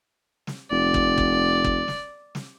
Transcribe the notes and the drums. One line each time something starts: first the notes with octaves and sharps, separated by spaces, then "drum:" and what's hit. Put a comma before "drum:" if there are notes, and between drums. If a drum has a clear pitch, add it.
drum: snare
F1 D5
drum: kick G1
drum: kick G1
drum: kick G1
drum: snare
drum: snare